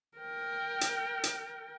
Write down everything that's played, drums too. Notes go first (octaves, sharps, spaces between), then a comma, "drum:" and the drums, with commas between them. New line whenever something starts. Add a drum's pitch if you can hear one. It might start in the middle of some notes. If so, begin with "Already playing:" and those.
A#4 G5
drum: hi-hat
drum: hi-hat